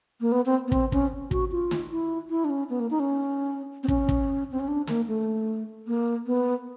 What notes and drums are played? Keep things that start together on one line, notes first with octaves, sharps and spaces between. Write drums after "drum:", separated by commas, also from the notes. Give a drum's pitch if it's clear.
A#3
B3
C4
B3
C4, drum: kick
C#4, drum: kick
F#4, drum: kick
F4
drum: snare
E4
E4
D4
C#4
B3
A#3
D#4
C#4
C4
C#4, drum: kick
drum: kick
C4
C#4
D4
A#3, drum: snare
A3
A#3
B3